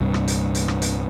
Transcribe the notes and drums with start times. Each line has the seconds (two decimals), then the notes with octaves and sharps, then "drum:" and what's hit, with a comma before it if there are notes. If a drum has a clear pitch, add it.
0.01 C2 G2 A#2
0.14 drum: rim click
0.28 drum: hi-hat
0.55 drum: hi-hat
0.68 drum: rim click
0.82 drum: hi-hat